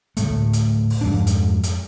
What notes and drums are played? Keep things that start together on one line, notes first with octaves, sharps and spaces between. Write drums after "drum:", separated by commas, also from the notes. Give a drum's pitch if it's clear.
D2 A2 A3, drum: hi-hat
drum: hi-hat
drum: open hi-hat
F2 G#2 D4
drum: hi-hat
drum: hi-hat